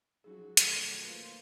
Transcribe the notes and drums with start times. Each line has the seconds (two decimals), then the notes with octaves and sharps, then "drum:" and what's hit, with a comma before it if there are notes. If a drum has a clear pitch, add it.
0.24 F3 F#3 C#4 D#4 F#4 G#4
0.57 B2 D#3 F#3 A3, drum: hi-hat
1.04 A#3 F4 B4 C5 C6